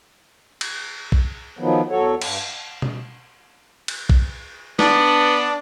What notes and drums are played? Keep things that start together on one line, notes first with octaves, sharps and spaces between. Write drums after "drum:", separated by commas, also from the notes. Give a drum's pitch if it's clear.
drum: cymbal
drum: kick A#1
D#3 F3 F#3 B3
E2 F#3 F#4 A4 C#5
G2, drum: cymbal
drum: tom B2
drum: cymbal
drum: kick A#1
B3 D4, drum: snare